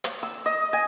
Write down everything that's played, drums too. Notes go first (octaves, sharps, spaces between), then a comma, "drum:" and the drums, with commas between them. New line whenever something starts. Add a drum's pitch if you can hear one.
drum: hi-hat
E6
D#5
G#5